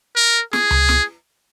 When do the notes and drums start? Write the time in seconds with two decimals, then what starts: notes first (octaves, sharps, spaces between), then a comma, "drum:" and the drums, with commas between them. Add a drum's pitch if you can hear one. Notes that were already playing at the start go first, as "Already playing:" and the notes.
0.16 A#4
0.53 G#4, drum: snare
0.71 drum: tom C#2
0.89 drum: snare